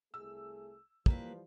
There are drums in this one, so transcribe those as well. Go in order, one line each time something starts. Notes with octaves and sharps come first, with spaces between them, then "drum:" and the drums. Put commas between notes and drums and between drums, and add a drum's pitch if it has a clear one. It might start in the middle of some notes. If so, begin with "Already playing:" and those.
C2 A3 G#4 E6
E3 F3 G3 A#3 G4 B4, drum: kick